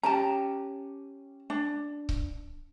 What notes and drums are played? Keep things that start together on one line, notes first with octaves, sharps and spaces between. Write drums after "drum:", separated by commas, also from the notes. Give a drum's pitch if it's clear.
C#4 G4 A5 A#5
D4
drum: kick C#1